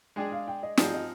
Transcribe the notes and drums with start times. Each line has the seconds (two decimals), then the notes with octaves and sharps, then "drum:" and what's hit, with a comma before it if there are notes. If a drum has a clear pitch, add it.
0.16 G#3 D4 G#4 G5
0.32 F5
0.48 G5
0.63 D#5
0.77 F3 C4 D#4 G#4 D5, drum: snare
0.94 D#5